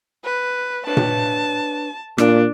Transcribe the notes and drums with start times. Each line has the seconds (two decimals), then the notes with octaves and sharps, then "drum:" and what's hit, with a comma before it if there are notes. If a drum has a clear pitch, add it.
0.24 B4
0.87 D4 B4 C#5 A5
0.97 drum: tom A#2
2.18 A#2 D4, drum: rim click